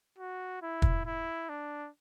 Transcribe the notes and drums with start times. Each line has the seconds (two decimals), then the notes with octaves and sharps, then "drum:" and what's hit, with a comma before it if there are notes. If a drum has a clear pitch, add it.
0.18 F#4
0.62 E4
0.82 drum: kick
1.06 E4
1.49 D4